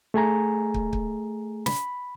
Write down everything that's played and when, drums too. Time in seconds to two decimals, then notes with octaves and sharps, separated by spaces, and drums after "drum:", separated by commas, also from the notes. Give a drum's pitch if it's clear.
0.14 A3 G#4 G#5 A#5
0.74 drum: kick
0.93 drum: kick
1.66 B5, drum: snare